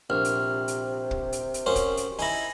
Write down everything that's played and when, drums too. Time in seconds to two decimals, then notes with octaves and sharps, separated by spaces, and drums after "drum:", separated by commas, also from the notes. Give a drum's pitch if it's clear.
0.10 A#1 C3 F6
0.25 drum: hi-hat
0.68 drum: hi-hat
1.11 drum: kick
1.32 drum: hi-hat
1.54 drum: hi-hat
1.66 F#2 C#4 C5
1.76 drum: kick, hi-hat
1.97 drum: hi-hat
2.19 D#4 E4 G#5 A#6, drum: open hi-hat